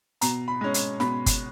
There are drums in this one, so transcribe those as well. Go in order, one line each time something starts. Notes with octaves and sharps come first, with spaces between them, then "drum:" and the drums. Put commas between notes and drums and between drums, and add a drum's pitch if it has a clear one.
B2 A#5, drum: hi-hat
B5
G#3 C#4
drum: hi-hat
B2 B5, drum: snare
drum: kick G1, hi-hat